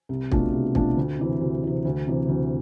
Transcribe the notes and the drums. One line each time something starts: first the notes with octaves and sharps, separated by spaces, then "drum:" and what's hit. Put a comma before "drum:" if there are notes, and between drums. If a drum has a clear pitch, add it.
C2
B2 A3 D4 F4, drum: kick
C2
B2 A3 D4 F4, drum: kick
D2
C3 E3
D2
C3 E3
D2
C3 E3
D2